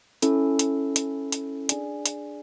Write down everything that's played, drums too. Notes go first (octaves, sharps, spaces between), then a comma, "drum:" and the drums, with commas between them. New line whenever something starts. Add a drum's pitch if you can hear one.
C#4 E4 A4, drum: hi-hat
drum: hi-hat
drum: hi-hat
drum: hi-hat
D4 G#4 D5 G#5, drum: hi-hat
drum: hi-hat